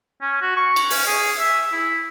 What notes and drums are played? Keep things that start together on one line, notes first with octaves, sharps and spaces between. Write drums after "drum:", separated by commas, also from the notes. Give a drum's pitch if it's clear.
C#4
F#4
C#6
drum: cymbal
C#4, drum: open hi-hat
G#4
E5
E4